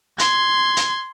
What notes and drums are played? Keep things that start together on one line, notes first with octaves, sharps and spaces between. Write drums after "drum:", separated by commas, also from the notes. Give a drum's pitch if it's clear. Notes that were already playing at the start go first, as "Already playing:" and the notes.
C6 G#6, drum: hi-hat
drum: hi-hat